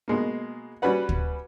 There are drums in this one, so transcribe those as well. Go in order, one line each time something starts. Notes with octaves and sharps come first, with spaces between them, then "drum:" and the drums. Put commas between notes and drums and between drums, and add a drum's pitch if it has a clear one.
B2 G#3 A#3
G3 C#4 F#4 B4 F#5
drum: kick D2